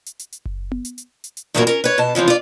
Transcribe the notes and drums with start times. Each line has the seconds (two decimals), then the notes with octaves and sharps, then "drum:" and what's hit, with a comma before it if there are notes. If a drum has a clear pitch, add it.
0.06 drum: hi-hat
0.19 drum: hi-hat
0.32 drum: hi-hat
0.45 drum: kick F#1
0.72 drum: tom B3
0.85 drum: hi-hat
0.98 drum: hi-hat
1.24 drum: hi-hat
1.37 drum: hi-hat
1.54 E2 G2 A#2 C#4 F#4 A#4
1.67 C#4 A#4
1.84 B4 C#5
1.98 B2 A5
2.15 C#3 E3 F3 C4
2.28 F4 D5